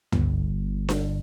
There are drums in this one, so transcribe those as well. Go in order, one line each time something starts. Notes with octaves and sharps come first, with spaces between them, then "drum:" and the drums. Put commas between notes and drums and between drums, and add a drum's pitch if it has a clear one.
G1, drum: tom C#2
drum: snare D4